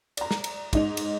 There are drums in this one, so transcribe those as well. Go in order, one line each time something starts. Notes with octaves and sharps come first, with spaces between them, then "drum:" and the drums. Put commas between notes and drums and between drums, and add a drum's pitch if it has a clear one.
D5 A#5, drum: cymbal
drum: snare
drum: cymbal
G#2 D#4 F7, drum: kick, cymbal
drum: cymbal